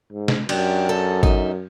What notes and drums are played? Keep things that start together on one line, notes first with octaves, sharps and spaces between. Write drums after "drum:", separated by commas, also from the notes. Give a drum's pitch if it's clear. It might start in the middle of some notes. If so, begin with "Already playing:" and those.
G#2
drum: snare
F#2 D4 G4, drum: cymbal
A4
D#4 E5, drum: kick G#1